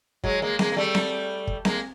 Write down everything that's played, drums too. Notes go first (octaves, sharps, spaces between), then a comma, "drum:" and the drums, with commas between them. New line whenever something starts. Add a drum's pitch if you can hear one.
F#3 G#3, drum: kick
G#3 A#3
G#3 A#3, drum: snare C4
A#3
G3 A3
drum: snare C4
drum: kick
G#3 A#3, drum: snare C4